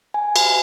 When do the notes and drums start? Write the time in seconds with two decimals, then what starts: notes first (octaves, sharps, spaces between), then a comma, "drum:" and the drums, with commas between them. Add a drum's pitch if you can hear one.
0.14 G#5
0.36 drum: cymbal